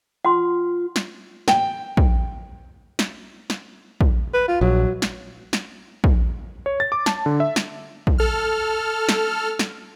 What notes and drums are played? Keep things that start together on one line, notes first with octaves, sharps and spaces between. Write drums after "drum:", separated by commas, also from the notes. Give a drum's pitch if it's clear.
F4 F#5 C6
drum: snare
G5, drum: snare
drum: kick
drum: snare
drum: snare
drum: kick
B4
F4
A#1 F#3
drum: snare
drum: snare
drum: kick
C#5
A6
D6
A5, drum: snare
D3
E5
drum: snare
drum: kick
A4 F6
drum: snare
drum: snare